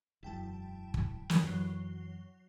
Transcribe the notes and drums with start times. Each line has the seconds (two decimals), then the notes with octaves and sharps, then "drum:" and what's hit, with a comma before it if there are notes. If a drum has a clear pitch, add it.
0.23 E1 F#2 E4 G5 A5
0.94 drum: kick
1.30 drum: snare
1.44 F#2 E3 F#3 C7 G7